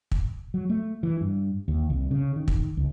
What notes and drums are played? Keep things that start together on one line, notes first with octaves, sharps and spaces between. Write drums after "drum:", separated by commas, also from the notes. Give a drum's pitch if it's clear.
drum: kick
F#3
A3
E3
G2
D#2
C2
C#3
D#3
drum: kick
C#2